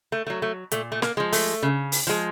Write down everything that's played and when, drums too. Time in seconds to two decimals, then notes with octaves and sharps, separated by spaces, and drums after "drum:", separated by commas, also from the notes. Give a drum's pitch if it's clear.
0.12 A3
0.27 F#3 A3
0.42 A3
0.71 A#2 A3, drum: hi-hat
0.92 A3
1.02 A#3, drum: snare
1.17 F3 G#3
1.32 A3, drum: open hi-hat
1.63 C#3
1.92 drum: open hi-hat
2.07 F3 G#3